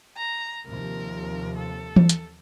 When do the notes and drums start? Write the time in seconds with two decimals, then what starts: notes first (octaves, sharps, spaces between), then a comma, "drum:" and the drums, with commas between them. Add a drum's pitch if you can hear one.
0.17 A#5
0.67 D#2 C3 F3 A#4
1.56 A4
1.96 drum: tom E3
2.09 drum: hi-hat